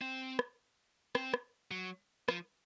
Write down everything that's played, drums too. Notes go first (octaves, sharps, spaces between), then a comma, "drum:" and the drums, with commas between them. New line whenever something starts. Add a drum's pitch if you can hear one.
C4
drum: rim click
C4, drum: rim click
drum: rim click
F#3
F3, drum: rim click